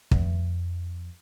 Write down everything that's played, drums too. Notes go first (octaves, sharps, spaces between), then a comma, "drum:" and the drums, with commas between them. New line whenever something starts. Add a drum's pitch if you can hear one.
F2, drum: kick